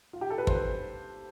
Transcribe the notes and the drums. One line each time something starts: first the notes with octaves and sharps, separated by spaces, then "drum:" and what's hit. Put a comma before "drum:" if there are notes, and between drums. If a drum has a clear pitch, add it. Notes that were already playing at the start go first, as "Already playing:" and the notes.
F4
G4
A4
B4
C5, drum: kick
B4